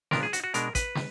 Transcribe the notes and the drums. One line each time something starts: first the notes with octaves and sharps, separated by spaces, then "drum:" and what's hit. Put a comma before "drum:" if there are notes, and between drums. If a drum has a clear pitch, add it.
A#2 F3 B3 D4 A#4, drum: snare
G#4
F#4, drum: hi-hat
F#4
B2 G#3 D4 A#4, drum: hi-hat
B4, drum: kick, hi-hat
drum: snare